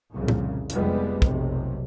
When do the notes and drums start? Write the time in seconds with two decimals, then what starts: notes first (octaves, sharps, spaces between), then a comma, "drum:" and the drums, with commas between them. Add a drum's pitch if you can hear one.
0.13 C2 F2 A#2 C#3
0.28 drum: tom A2
0.70 F1 F3 G3 G#3 B3, drum: hi-hat
1.22 F1 B1 C3, drum: kick